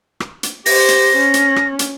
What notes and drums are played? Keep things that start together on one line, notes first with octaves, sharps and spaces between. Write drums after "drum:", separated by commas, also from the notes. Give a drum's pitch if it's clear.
drum: rim click
drum: hi-hat
G4 C5 A#6, drum: open hi-hat
drum: hi-hat
C#4
drum: hi-hat
drum: rim click
drum: hi-hat